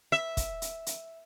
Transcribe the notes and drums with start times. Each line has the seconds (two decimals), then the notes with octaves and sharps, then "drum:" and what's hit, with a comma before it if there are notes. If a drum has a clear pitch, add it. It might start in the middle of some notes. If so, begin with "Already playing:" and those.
0.12 E5
0.37 drum: kick, hi-hat
0.62 drum: hi-hat
0.86 drum: hi-hat